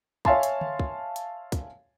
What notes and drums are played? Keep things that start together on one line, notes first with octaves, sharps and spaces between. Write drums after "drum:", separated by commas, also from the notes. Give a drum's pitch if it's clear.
C#5 E5 F5 G#5 A5 C6, drum: kick
drum: hi-hat
drum: tom D3
drum: kick
drum: hi-hat
drum: kick, hi-hat